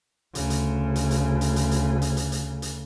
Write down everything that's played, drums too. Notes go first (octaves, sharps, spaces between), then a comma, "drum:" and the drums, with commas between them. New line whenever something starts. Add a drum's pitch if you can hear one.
D2 C#3, drum: hi-hat
drum: hi-hat
drum: hi-hat
drum: hi-hat
drum: hi-hat
drum: hi-hat
drum: hi-hat
drum: hi-hat
drum: hi-hat
drum: hi-hat
drum: hi-hat